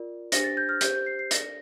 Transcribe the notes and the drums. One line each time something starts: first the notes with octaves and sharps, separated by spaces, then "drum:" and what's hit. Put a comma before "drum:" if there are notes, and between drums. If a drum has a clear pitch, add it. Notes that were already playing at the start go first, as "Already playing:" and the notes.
Already playing: F4 A#4 D5
D4 G4 C5 A#6, drum: hi-hat
A6
G6
F6
G4 C5 G6, drum: hi-hat
G6
C7
C7
D4 A4 D5 A#6, drum: hi-hat